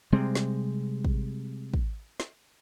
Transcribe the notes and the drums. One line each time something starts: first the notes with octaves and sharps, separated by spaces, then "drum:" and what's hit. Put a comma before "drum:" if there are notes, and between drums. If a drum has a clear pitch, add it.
C3 G3 G#3 C4
drum: snare
drum: kick
drum: kick
drum: snare